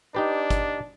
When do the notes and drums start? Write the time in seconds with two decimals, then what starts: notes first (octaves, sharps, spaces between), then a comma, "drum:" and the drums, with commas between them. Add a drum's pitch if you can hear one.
0.15 D4 D#4 G4 B4
0.50 drum: kick G1, hi-hat